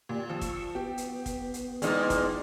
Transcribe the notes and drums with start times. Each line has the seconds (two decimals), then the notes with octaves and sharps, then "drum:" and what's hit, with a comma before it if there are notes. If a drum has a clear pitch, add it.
0.09 A#2 G4 D5
0.29 F3 C#6 E6
0.41 drum: kick, hi-hat
0.75 B3 G4
0.98 drum: hi-hat
1.26 drum: kick, hi-hat
1.54 drum: hi-hat
1.82 E2 A#2 G#3 D#4, drum: hi-hat
2.10 drum: kick, hi-hat